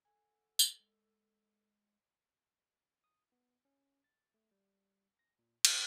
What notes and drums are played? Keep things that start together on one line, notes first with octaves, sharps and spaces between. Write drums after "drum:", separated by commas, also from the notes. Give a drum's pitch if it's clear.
A4 F#5 G#5
drum: tambourine
G#3
D#6
B3
C#4
A6
A3
G3
A#6
A#2
B2, drum: cymbal